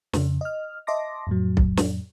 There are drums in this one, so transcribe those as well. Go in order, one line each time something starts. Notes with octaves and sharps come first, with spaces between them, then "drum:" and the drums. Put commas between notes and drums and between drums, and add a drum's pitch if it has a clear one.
F2 C#3, drum: snare
D#5 F6
D#5 E5 A5 C6 D6 A#6
F2 A2 F#3
drum: kick B1
drum: snare